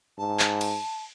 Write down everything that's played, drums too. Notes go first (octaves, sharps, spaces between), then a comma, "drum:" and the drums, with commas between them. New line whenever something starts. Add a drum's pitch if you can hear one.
G#2 A5
drum: clap
drum: cymbal